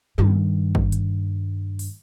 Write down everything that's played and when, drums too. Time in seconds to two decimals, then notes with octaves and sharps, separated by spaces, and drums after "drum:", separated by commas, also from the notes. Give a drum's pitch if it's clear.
0.18 G2 D#3, drum: tom
0.75 drum: kick
0.92 drum: hi-hat
1.79 drum: open hi-hat